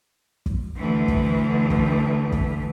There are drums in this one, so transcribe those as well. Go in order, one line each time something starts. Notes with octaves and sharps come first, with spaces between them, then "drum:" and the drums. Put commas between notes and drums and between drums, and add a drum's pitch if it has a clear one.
drum: kick
D2 E3
drum: kick
drum: kick
drum: kick